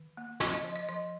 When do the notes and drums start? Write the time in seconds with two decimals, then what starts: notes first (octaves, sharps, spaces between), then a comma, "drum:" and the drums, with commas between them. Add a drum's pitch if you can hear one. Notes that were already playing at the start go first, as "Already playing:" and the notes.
Already playing: D#3
0.17 A#3
0.40 A#3 D#5, drum: snare
0.53 D#5
0.64 F3 D#5
0.76 D#5
0.89 F3 D#5